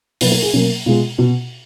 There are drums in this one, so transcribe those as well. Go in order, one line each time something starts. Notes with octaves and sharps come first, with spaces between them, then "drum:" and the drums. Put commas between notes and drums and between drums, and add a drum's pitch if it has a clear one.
B2 F#3 A#3 B4, drum: open hi-hat
A#4
G#4
B2 F#3 A#3 C#4
B2 G#3 F4
B2 F#4